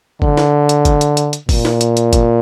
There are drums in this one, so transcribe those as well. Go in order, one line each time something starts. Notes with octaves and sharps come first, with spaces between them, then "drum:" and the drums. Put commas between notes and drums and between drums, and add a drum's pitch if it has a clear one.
D3, drum: kick
drum: snare
drum: hi-hat
drum: kick, hi-hat
drum: hi-hat
drum: hi-hat
drum: hi-hat
A#2, drum: kick, open hi-hat
drum: snare
drum: hi-hat
drum: hi-hat
drum: kick, hi-hat